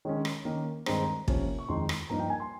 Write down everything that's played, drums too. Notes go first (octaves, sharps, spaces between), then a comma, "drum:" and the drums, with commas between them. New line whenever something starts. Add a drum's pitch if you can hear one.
D#3 G#3 C#4 C#5
drum: rim click
D#3 A#3 C#4
G2 D#3 G#3 C4 A#5, drum: rim click
C3 F3 A#3 C#4, drum: kick
C#6
F2 D#3 G#3 D#4 C6
drum: rim click
G2 F3 A#3 D#4 A#5
G5
G#5
C6